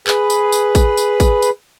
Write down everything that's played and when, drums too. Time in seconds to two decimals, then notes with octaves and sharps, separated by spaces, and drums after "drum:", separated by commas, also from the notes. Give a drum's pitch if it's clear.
0.07 G#4 B4, drum: clap
0.30 drum: tambourine
0.52 drum: tambourine
0.75 drum: kick, tambourine
0.97 drum: tambourine
1.20 drum: kick, tambourine
1.42 drum: tambourine